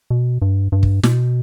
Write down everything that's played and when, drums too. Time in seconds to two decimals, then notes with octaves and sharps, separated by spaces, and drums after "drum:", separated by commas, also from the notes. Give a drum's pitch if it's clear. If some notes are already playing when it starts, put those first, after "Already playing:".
0.10 B2
0.42 G2
0.72 G2
0.83 drum: kick
1.03 B2, drum: snare